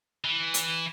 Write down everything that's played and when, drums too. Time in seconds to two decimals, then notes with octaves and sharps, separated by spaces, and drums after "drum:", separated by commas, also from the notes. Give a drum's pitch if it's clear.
0.25 E3
0.54 drum: hi-hat